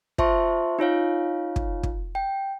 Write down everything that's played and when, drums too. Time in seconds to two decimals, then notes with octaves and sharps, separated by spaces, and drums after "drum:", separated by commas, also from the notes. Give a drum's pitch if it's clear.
0.18 F4 C5 E5 A5 C6 C#6, drum: kick
0.79 D#4 F4 C#5 F5
1.56 drum: kick
1.83 drum: kick
2.15 G5